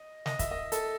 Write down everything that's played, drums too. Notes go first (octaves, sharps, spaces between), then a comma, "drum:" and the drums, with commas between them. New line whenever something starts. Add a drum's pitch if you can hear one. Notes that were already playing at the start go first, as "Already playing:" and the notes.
Already playing: D#5
D#5, drum: snare
E5, drum: kick, hi-hat
D#5
A4, drum: hi-hat